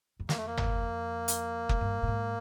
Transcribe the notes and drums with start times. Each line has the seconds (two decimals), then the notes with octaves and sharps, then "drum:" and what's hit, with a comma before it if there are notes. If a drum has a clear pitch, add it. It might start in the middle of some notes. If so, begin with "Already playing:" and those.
0.19 F2
0.29 A#3, drum: snare
0.37 A3
0.46 A#3
0.57 drum: tom G1
1.28 drum: hi-hat
1.69 G#2, drum: kick F#1
1.81 G2
2.03 A2
2.08 G#2